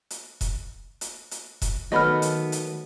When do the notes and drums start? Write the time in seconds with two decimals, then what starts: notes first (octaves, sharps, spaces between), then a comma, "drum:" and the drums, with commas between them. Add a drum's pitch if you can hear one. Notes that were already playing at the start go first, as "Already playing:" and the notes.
0.10 drum: hi-hat
0.41 drum: kick E1, hi-hat
1.01 drum: hi-hat
1.31 drum: hi-hat
1.62 drum: kick E1, hi-hat
1.92 D#3 F#3 A3 B3 D#5 B5 F6
2.22 drum: hi-hat
2.52 drum: hi-hat